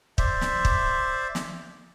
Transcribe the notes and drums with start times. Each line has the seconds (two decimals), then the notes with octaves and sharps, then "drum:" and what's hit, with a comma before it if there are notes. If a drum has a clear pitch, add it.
0.18 C5 D5 E5, drum: kick
0.41 drum: snare
0.65 drum: kick
1.35 drum: snare